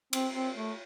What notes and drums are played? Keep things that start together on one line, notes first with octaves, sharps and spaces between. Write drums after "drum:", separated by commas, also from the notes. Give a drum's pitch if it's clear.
C4, drum: cymbal
C4
A3